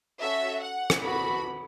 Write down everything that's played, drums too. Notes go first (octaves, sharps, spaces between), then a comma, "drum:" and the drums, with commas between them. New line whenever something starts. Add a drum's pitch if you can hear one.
C#4 F#4 A4 E5
F#5
drum: rim click
B3 F#4 A4 B5